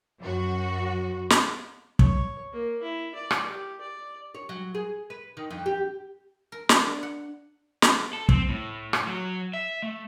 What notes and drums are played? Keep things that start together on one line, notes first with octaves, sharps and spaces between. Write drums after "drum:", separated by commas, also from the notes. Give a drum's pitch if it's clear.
F#2 F#4
drum: snare
C#5, drum: kick
A#3
E4
D5
drum: rim click
G4
D5
C#5
F#3
G#4
B4
D#3
F2
G4
A#4
D4, drum: snare
F#5
drum: snare
A4
C4, drum: kick
A2
drum: rim click
F#3
E5
A3